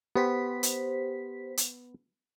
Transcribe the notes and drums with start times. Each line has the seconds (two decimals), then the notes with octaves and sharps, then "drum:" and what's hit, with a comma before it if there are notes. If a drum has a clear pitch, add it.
0.16 B3 G4 C5 B6
0.63 drum: hi-hat
1.57 drum: hi-hat